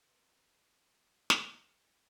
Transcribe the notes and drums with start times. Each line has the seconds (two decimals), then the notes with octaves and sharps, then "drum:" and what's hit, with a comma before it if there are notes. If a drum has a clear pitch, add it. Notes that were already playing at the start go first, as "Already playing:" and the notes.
0.08 B3 C4 A#4 C5
1.30 drum: snare